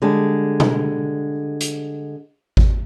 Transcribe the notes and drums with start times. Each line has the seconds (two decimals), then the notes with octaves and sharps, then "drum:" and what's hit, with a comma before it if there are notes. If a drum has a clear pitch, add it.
0.02 D3 G3 G#3
0.60 drum: tom B2
1.61 drum: hi-hat
2.57 drum: kick G#1